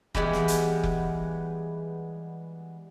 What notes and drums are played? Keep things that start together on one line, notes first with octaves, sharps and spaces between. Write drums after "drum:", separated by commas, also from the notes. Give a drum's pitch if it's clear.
E3 G3 G#3 B3, drum: kick F1
drum: snare
drum: hi-hat
drum: kick F1